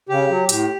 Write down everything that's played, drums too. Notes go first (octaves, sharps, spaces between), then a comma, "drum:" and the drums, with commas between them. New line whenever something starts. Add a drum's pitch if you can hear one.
C#3 G4
F#3
A2 G4, drum: hi-hat